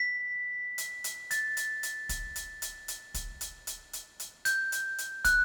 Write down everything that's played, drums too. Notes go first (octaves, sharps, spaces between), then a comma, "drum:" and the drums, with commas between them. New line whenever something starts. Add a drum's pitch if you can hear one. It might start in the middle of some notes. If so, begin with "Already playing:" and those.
Already playing: B6
drum: hi-hat
drum: hi-hat
A6, drum: hi-hat
drum: hi-hat
drum: hi-hat
drum: kick, hi-hat
drum: hi-hat
drum: hi-hat
drum: hi-hat
drum: kick, hi-hat
drum: hi-hat
drum: hi-hat
drum: hi-hat
drum: hi-hat
G6, drum: hi-hat
drum: hi-hat
drum: hi-hat
F#6, drum: kick, hi-hat